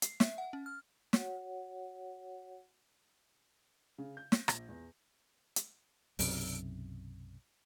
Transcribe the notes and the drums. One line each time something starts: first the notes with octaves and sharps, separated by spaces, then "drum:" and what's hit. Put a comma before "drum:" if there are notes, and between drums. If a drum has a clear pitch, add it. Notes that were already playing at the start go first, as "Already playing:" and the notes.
C7, drum: hi-hat
E5, drum: snare
F#5
C#4
F6
F#4 C#5 F#5, drum: snare
C#3
G6
A#6, drum: snare
A#1, drum: rim click
E2
drum: hi-hat
B1 F#2 C3, drum: open hi-hat